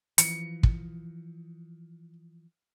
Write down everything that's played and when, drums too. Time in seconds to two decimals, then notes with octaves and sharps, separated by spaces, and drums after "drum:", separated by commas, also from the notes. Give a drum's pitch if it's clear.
0.18 E3 F3 C#7, drum: hi-hat
0.63 drum: kick